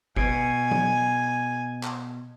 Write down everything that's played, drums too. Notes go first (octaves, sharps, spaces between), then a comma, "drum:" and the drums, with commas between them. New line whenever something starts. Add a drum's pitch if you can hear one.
B2 G#5, drum: kick
drum: tom
drum: clap